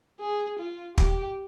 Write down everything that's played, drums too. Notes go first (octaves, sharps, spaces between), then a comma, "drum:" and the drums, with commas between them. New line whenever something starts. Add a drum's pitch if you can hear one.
G#4
F4
G4, drum: kick